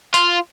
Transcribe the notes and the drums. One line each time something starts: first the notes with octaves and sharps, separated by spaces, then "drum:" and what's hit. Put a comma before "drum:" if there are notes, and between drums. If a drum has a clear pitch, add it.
F4, drum: hi-hat